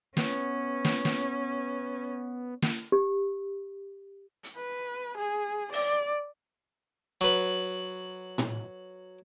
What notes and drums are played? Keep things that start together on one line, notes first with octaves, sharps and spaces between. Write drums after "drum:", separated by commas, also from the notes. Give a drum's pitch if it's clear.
B3 C#4, drum: snare
drum: snare
drum: snare
drum: snare
G4
drum: hi-hat
B4
G#4
D5, drum: open hi-hat
F#3 B4
drum: tom A2